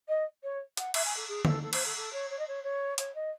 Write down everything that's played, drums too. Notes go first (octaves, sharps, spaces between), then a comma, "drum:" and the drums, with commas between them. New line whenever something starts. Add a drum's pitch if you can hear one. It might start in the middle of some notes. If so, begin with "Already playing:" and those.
D#5
C#5
F#5, drum: hi-hat
E5, drum: cymbal
G#5
A4
G#4
A4, drum: tom
A4
C5, drum: cymbal
A4
A4
C#5
C#5
D#5
C#5
C#5
C#5, drum: hi-hat
D#5